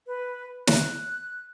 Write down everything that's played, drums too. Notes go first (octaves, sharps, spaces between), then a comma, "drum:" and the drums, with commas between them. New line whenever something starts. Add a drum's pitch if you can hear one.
B4
F#6, drum: snare